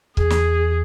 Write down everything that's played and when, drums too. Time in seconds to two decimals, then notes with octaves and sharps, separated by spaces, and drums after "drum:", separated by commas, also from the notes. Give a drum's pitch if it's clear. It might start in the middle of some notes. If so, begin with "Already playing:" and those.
0.17 E2 G#4, drum: kick C#1
0.30 drum: snare